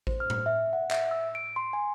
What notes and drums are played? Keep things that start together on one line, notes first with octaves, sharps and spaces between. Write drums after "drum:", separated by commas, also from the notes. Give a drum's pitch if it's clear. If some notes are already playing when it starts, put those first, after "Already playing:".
C5, drum: kick A1
F6
drum: tom A2
E5
F#5
E5, drum: clap
E6
D7
C6
G#5